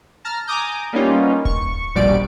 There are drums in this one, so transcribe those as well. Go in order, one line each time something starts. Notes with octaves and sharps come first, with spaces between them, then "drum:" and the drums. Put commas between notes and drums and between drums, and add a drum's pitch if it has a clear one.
A5 A#5 F6
G#5 A#5 D6 D#6 G6
G3 A#3 B3 C#4 D#4 F4
C#6, drum: kick D#1
A#1 D#2 B2 G3 D5 D7